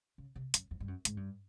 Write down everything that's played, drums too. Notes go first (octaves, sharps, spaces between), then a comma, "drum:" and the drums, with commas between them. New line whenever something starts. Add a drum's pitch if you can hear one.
C#3
C3
F#2, drum: hi-hat
F2
G2
F#2
G#2, drum: hi-hat
G2